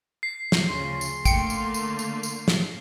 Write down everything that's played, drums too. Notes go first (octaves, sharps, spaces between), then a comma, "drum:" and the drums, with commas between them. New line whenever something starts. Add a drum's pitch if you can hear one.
C7
drum: snare
D2 C#3 F3 C6
drum: tambourine
D3 A3 A#3 G5 C#7, drum: kick, tambourine
drum: tambourine
drum: tambourine
drum: tambourine
drum: tambourine
drum: snare